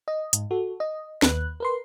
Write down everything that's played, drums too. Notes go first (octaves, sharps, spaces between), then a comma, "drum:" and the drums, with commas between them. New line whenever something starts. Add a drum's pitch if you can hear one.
D#5
G#2, drum: hi-hat
F#4 A4
D#5
D#2 B4 F#6, drum: snare
A#4 B4 C6